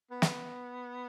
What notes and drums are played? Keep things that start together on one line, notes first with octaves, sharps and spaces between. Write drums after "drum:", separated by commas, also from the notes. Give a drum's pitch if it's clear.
B3
drum: snare